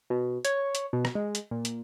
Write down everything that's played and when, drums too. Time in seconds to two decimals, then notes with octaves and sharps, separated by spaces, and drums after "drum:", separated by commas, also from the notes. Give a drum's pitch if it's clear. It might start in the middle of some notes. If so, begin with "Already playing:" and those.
0.10 B2
0.45 C#5, drum: hi-hat
0.75 drum: hi-hat
0.93 B2
1.05 drum: rim click
1.15 G#3
1.35 drum: hi-hat
1.51 A#2
1.65 drum: hi-hat